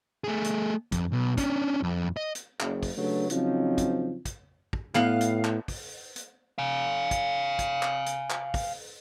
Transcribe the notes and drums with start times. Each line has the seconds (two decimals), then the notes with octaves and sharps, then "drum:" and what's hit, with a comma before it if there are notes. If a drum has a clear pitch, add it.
0.24 A3 G#4
0.44 drum: hi-hat
0.92 F2, drum: kick, hi-hat
1.12 B1 B2
1.38 C#4 D4, drum: kick, hi-hat
1.83 F2
2.17 D#5
2.35 drum: hi-hat
2.60 F#1, drum: clap
2.83 drum: kick, open hi-hat
2.97 C#3 F#3 A3 D4 G4 B4
3.30 C#3 F3 F#3 C4 C#4 D#4, drum: hi-hat
3.78 drum: kick, hi-hat
4.25 drum: kick, hi-hat
4.73 drum: kick
4.95 A2 B3 F5, drum: clap
5.21 drum: hi-hat
5.44 drum: clap
5.68 drum: kick, open hi-hat
6.16 drum: hi-hat
6.58 F5 G#5
7.11 drum: kick, hi-hat
7.59 drum: kick, hi-hat
7.83 drum: clap
8.06 drum: hi-hat
8.30 drum: clap
8.54 drum: kick, open hi-hat